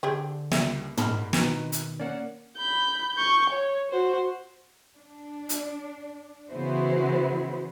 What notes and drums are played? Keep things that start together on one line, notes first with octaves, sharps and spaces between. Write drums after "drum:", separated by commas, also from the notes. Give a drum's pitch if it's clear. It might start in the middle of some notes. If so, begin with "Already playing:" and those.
D3 C4 G4 G#4
C#2 G3 A#3 E5, drum: snare
G#2 A#3 A#4 B5, drum: tom
B2 D#3 C4 D#4 F#4 B4, drum: snare
drum: hi-hat
A#3 C#4 D5 F#5
B5 G6
C#6 G6
C#5
F#4 C5
D4
drum: hi-hat
C#3 E3 B3 E4 F#4 C5